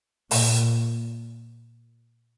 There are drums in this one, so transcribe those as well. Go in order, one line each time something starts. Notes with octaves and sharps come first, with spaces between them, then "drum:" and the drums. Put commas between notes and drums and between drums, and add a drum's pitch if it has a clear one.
A#2, drum: open hi-hat